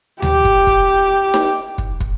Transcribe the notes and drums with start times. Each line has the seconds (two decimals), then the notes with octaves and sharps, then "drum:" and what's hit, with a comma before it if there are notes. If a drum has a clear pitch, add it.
0.22 G4, drum: tom D2
0.45 drum: kick
0.67 drum: kick
1.34 drum: snare D#4
1.78 drum: kick
2.00 drum: kick